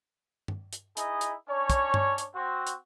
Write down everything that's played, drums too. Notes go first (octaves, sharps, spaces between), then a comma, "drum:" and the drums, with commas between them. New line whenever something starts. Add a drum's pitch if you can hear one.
drum: tom G2
drum: hi-hat
D#4 E4 G#4 D#5, drum: hi-hat
drum: hi-hat
C#4 D4 C#5
drum: kick, hi-hat
drum: tom G2
drum: hi-hat
C4 F#4
drum: hi-hat